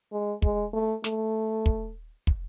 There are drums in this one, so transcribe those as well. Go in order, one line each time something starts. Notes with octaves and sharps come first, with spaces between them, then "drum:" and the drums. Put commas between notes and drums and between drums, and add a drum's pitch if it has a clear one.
G#3
G#3, drum: kick
A3
A3, drum: snare
drum: kick
drum: kick